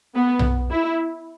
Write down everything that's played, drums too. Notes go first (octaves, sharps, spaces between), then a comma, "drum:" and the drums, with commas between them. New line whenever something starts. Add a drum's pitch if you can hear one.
B3
drum: tom B1
E4